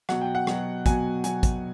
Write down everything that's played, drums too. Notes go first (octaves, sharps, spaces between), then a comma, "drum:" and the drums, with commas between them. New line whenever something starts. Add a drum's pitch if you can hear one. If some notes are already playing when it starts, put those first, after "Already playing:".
B2 F#3 F#5, drum: rim click
G5
F#5
B2 F#3, drum: rim click
B2 F#3 G#5, drum: kick, hi-hat
B2 F#3 G#5, drum: hi-hat
drum: kick, hi-hat